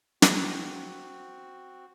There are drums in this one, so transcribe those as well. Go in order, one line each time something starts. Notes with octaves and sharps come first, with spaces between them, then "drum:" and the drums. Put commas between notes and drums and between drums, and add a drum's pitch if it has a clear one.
C4 F#4, drum: snare